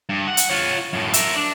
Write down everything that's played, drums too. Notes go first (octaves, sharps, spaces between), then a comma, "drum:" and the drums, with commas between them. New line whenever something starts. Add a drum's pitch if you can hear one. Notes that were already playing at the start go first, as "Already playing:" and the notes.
G2
F#5
drum: hi-hat
F4 C#5
F#2 A2
A#4 E5, drum: hi-hat
D4